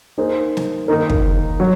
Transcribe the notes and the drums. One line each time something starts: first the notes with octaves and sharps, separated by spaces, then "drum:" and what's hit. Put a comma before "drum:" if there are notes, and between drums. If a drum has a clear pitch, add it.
A#3 D#4 G#4 C5
drum: snare
D#3 A#3 D#4 A#4
drum: kick
F#3